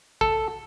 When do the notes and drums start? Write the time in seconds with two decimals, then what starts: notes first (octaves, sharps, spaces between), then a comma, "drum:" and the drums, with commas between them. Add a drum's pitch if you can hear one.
0.21 A4, drum: kick